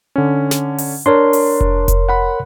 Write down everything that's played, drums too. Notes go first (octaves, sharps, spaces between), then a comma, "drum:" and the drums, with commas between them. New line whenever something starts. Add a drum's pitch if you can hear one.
D3 C#4
drum: snare
drum: open hi-hat
D4 A#4 C#5 C6
drum: open hi-hat
drum: kick F1
drum: kick F1, hi-hat
F#5 B5 F#6